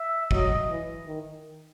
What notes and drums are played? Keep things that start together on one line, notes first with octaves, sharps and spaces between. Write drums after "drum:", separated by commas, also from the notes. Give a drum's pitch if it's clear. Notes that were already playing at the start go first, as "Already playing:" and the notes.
Already playing: E5
F#3 D#5, drum: kick
E3
D#3